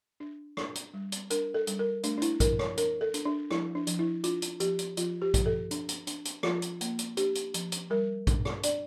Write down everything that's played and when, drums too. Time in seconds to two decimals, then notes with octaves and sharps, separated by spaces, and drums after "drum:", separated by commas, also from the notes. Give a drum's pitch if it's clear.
0.20 D4
0.57 D4, drum: rim click
0.76 drum: hi-hat
0.94 G3
1.12 drum: hi-hat
1.30 D4 A#4, drum: hi-hat
1.54 A4
1.67 G3, drum: hi-hat
1.79 A#4
2.03 A3 D4, drum: hi-hat
2.18 D4
2.22 E4, drum: hi-hat
2.40 F3 A#4, drum: kick A#1, hi-hat
2.59 C#5, drum: rim click
2.78 D4 A#4, drum: hi-hat
3.01 A4
3.14 D4, drum: hi-hat
3.25 D4
3.51 F3 E4, drum: rim click
3.75 D4
3.87 F3, drum: hi-hat
3.99 E4
4.24 D4 F4, drum: hi-hat
4.42 drum: hi-hat
4.60 F3 G4, drum: hi-hat
4.79 drum: hi-hat
4.97 F3 F4, drum: hi-hat
5.22 G4
5.34 F3, drum: kick A#1, hi-hat
5.46 A4
5.71 D4, drum: hi-hat
5.89 drum: hi-hat
6.07 D4, drum: hi-hat
6.25 drum: hi-hat
6.43 F3 F4, drum: rim click
6.62 drum: hi-hat
6.81 A#3, drum: hi-hat
6.99 drum: hi-hat
7.17 D4 G4, drum: hi-hat
7.35 drum: hi-hat
7.54 F3, drum: hi-hat
7.72 drum: hi-hat
7.90 G3 A#4
8.27 D4, drum: kick A#1, hi-hat
8.45 drum: rim click
8.63 D4 D5, drum: hi-hat